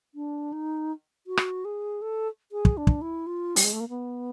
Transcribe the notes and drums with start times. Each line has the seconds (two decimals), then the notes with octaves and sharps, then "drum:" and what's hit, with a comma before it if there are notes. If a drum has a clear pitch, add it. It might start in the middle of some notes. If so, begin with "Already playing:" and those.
0.15 D4
0.53 D#4
1.27 F#4
1.37 drum: rim click
1.65 G#4
2.02 A4
2.52 G#4
2.65 drum: kick
2.77 D4
2.87 drum: kick
3.02 E4
3.27 F4
3.56 G3, drum: open hi-hat
3.64 G#3
3.73 A3
3.80 A#3
3.89 B3